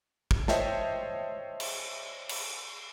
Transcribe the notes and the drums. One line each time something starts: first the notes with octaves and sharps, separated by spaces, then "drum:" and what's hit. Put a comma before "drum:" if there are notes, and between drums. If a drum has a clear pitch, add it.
drum: kick
C5 C#5 D#5 E5 G5 A5, drum: snare
drum: cymbal
drum: cymbal